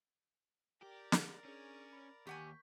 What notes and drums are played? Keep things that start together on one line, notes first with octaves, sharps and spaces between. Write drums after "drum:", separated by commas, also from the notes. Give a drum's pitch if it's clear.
G4 A#4 D5
drum: snare
C#4 D4 G#4
B5
D#2 G4 F#5 G#5 C#6 G6 B6